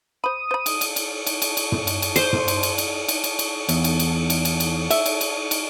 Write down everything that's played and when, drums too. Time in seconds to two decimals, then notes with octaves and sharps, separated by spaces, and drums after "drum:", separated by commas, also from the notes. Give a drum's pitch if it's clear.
0.24 C5 B5 D#6
0.51 C5 B5
0.66 drum: cymbal
0.81 drum: cymbal
0.96 drum: cymbal
1.27 drum: cymbal
1.42 drum: cymbal
1.57 drum: cymbal
1.72 drum: tom
1.87 drum: cymbal
2.02 drum: cymbal
2.16 C5, drum: cymbal
2.33 drum: tom
2.48 drum: cymbal
2.63 drum: cymbal
2.78 drum: cymbal
3.09 drum: cymbal
3.24 drum: cymbal
3.39 drum: cymbal
3.69 E2, drum: cymbal
3.84 drum: cymbal
3.99 drum: cymbal
4.30 drum: cymbal
4.45 drum: cymbal
4.60 drum: cymbal
4.91 E5, drum: cymbal
5.06 drum: cymbal
5.21 drum: cymbal
5.51 drum: cymbal